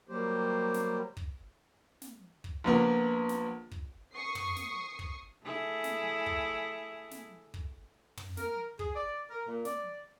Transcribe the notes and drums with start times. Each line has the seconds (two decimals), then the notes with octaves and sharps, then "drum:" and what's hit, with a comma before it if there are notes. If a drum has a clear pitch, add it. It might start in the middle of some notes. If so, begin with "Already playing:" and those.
0.09 F#3 G3 A#3 G4 C5
0.74 drum: snare
1.17 drum: kick
2.02 drum: snare
2.44 drum: kick
2.64 A#1 A#3 B3
3.29 drum: snare
3.71 drum: kick
4.14 C#6 D#6 C7
4.35 drum: tom
4.56 drum: snare
4.99 drum: kick
5.44 A3 E4 G#4
5.84 drum: snare
6.26 drum: kick
7.11 drum: snare
7.54 drum: kick
8.17 drum: tom
8.37 A#4, drum: snare
8.79 G#4, drum: kick
8.95 D5
9.30 A#4
9.47 A#2
9.65 D5, drum: snare